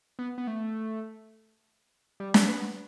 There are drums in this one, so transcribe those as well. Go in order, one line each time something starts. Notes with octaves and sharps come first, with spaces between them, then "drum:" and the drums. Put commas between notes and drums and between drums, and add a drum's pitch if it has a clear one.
B3
B3
A3
G3
drum: snare
B3